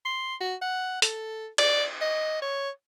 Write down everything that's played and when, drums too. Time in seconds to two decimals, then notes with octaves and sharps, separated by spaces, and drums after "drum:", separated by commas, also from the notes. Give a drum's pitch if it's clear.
0.05 C6
0.41 F#4
0.62 F#5
1.02 A4, drum: hi-hat
1.58 D5, drum: cymbal
2.02 D#5
2.42 C#5